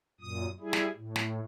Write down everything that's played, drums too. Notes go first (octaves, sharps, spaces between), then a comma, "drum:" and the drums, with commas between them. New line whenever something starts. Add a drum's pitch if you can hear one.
F#2 A#2 D#6
G3 E4 G#4
drum: snare
A2
drum: snare